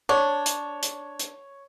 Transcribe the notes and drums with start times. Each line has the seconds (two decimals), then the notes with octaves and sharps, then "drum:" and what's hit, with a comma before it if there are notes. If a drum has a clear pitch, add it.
0.09 D4 C#5
0.46 drum: hi-hat
0.83 drum: hi-hat
1.19 drum: hi-hat